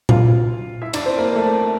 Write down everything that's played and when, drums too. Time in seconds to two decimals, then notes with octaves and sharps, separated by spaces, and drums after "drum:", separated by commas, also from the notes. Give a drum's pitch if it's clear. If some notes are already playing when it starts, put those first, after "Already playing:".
0.09 F4 F5, drum: tom A#2
0.82 E4 E5
0.93 D4 D5, drum: cymbal
1.06 C4 C5
1.18 A#3 A#4
1.35 A3 A4